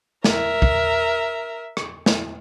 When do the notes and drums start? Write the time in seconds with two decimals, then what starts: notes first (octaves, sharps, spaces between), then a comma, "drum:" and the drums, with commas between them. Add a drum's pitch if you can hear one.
0.24 A#4 E5, drum: snare
0.62 drum: kick
1.77 drum: rim click
2.06 drum: snare